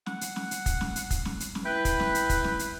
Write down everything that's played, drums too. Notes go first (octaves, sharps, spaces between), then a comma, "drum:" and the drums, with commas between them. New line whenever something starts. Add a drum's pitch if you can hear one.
F#5, drum: snare
drum: hi-hat
drum: snare
drum: hi-hat
drum: kick, hi-hat
drum: snare
drum: hi-hat
drum: kick, hi-hat
drum: snare
drum: hi-hat
drum: snare
E4 B4 G5
drum: kick, hi-hat
drum: snare
drum: hi-hat
drum: kick, hi-hat
drum: snare
drum: hi-hat